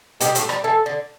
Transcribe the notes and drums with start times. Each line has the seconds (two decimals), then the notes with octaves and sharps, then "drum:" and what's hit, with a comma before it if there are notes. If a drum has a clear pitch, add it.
0.21 B2 B3 G4, drum: hi-hat
0.35 A2 A3, drum: hi-hat
0.49 G3, drum: rim click
0.63 E3 A4
0.86 D3